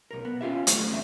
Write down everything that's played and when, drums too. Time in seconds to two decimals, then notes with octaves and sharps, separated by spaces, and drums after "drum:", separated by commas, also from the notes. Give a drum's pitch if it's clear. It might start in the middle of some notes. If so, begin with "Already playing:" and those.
0.11 B1 A#4
0.25 B3
0.41 C#4 F4 G4 E5
0.67 F#3 A3 C4 D4 F#4, drum: hi-hat
0.90 E2 C4 E5